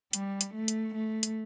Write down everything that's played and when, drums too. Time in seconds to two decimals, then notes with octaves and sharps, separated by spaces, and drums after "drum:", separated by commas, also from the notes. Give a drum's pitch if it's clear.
0.13 G3, drum: hi-hat
0.41 drum: hi-hat
0.55 A3
0.68 drum: hi-hat
0.95 A3
1.23 drum: hi-hat